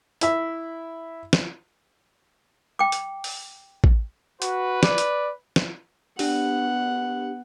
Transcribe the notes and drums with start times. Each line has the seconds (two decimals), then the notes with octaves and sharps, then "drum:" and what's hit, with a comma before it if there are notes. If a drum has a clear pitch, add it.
0.21 E4 E5, drum: hi-hat
1.33 drum: snare
2.79 G5 D6
2.92 drum: hi-hat
3.24 drum: open hi-hat
3.84 drum: kick A1
4.42 F#4 B4, drum: hi-hat
4.83 D5, drum: snare
4.98 drum: hi-hat
5.56 drum: snare
6.19 B3 D4 G4 F#5, drum: open hi-hat